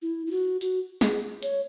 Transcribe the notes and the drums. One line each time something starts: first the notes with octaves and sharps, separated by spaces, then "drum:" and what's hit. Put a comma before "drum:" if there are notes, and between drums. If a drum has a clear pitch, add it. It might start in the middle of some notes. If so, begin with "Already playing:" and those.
E4
E4
F#4
F#4, drum: hi-hat
G#4, drum: snare
C#5, drum: hi-hat